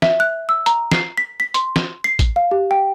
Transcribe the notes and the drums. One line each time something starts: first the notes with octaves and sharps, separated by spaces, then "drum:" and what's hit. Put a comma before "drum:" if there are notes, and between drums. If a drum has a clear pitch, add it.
E5, drum: snare
F#6
E6
A#5, drum: hi-hat
C7, drum: snare
B6
B6
C6, drum: hi-hat
drum: snare
C7
drum: kick A1, hi-hat
F5
G4
G5